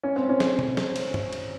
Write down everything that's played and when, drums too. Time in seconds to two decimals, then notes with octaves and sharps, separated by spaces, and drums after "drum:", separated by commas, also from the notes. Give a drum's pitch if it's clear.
0.03 C#4
0.16 C4
0.29 C#4
0.40 drum: snare
0.59 drum: tom B2
0.77 drum: snare
0.96 drum: cymbal
1.14 drum: tom G2
1.33 drum: cymbal